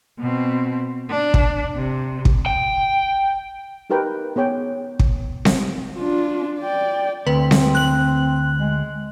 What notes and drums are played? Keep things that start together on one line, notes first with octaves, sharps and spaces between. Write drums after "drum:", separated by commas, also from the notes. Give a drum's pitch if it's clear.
B2 C4
D4
drum: kick
C3
drum: kick
G5
D#4 G4 A#4 B4 G5
B3 G#4 C#5 G5
drum: kick
drum: snare C4
D4 F4
D5 G5
D2 C4 B4
drum: snare C4
F#6 F#7
G#3